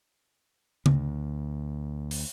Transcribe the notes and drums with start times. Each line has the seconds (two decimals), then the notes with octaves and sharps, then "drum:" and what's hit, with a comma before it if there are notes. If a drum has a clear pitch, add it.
0.86 D2, drum: tom C#3
2.11 drum: open hi-hat